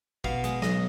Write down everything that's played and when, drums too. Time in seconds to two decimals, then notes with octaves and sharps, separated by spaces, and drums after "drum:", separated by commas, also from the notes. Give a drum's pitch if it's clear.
0.24 B2 F5, drum: kick
0.44 G#3, drum: hi-hat
0.62 B1 D#5, drum: snare